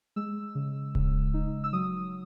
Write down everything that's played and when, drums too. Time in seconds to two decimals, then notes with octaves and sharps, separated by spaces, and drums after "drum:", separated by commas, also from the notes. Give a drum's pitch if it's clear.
0.16 G#3 E6
0.55 C#3
0.95 C#3, drum: kick D1
1.34 D#4
1.64 E6
1.73 F#3 D#6